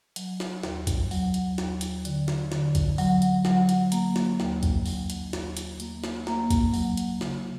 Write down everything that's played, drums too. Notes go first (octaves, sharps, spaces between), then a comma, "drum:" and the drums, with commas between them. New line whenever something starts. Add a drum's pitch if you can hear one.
F#3, drum: hi-hat
drum: snare
D#2, drum: snare
drum: kick A1, hi-hat
F#3, drum: open hi-hat
drum: hi-hat
D#2, drum: snare
drum: hi-hat
D3, drum: hi-hat
drum: snare
D3, drum: snare
drum: kick A1, hi-hat
F#3, drum: open hi-hat
drum: hi-hat
F#3, drum: snare
drum: hi-hat
A#3, drum: hi-hat
drum: snare
D#2, drum: snare
drum: kick A1, hi-hat
F#3, drum: open hi-hat
drum: hi-hat
D#2, drum: snare
drum: hi-hat
A#3, drum: hi-hat
drum: snare
A#3, drum: snare
drum: kick A1, hi-hat
F#3, drum: open hi-hat
drum: hi-hat
C#3, drum: snare